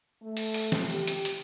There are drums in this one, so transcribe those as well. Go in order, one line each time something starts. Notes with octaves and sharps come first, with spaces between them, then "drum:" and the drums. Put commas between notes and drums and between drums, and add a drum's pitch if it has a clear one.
A3
drum: open hi-hat
drum: open hi-hat
drum: snare E3
G4, drum: open hi-hat
drum: hi-hat
drum: hi-hat